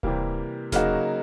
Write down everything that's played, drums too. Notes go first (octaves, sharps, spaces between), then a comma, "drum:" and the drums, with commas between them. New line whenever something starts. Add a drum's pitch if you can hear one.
C3 E3 G3 A#3, drum: kick D1
C#3 F#3 A#3 D#4 F#4, drum: snare E1